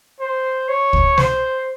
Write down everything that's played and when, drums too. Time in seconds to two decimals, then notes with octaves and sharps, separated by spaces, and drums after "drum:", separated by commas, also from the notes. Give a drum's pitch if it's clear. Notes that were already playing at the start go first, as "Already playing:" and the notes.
0.20 C5
0.68 C#5
0.93 drum: kick C#2
1.18 C5, drum: snare